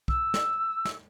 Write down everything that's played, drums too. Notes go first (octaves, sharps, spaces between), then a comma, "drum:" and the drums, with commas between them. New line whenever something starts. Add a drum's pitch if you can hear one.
E6, drum: kick
drum: snare
drum: snare